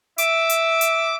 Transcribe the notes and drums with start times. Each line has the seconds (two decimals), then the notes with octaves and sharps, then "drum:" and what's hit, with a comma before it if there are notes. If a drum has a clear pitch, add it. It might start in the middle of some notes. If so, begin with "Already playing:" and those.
0.18 E5 D6, drum: hi-hat
0.49 drum: hi-hat
0.81 drum: hi-hat